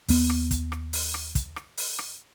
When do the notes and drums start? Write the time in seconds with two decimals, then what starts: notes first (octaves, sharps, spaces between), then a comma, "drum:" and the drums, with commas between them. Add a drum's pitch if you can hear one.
0.08 D#2 B3, drum: open hi-hat
0.30 drum: rim click
0.51 drum: kick, hi-hat
0.72 drum: rim click
0.93 drum: open hi-hat
1.14 drum: rim click
1.35 drum: kick, hi-hat
1.56 drum: rim click
1.77 drum: open hi-hat
1.99 drum: rim click